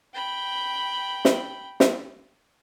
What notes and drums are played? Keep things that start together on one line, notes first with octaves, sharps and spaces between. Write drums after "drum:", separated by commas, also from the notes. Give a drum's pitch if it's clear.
G5 B5
drum: snare
drum: snare